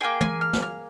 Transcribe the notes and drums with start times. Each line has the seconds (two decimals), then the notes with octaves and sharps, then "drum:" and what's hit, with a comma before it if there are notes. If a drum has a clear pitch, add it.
0.01 A#3 F4 G#4 G5
0.21 G#5, drum: tom
0.41 F6
0.53 drum: snare
0.62 F6